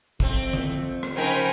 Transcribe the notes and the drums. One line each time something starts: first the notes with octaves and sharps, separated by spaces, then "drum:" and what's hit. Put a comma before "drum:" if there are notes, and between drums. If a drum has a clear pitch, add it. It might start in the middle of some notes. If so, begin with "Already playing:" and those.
F2 A3 C4, drum: kick
drum: tom D3
drum: rim click
C#3 F3 D#4 A#4 C5 G5 G#5 B5